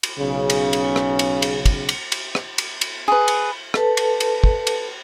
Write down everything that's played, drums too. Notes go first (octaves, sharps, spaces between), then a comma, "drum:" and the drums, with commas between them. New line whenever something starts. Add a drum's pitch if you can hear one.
drum: cymbal
B1 C#3
drum: cymbal
drum: cymbal
drum: rim click
drum: cymbal
drum: cymbal
drum: kick, cymbal
drum: cymbal
drum: cymbal
drum: rim click
drum: cymbal
drum: cymbal
G#4 B4
drum: cymbal
A4 B4 A5, drum: rim click
drum: cymbal
drum: cymbal
drum: kick
drum: cymbal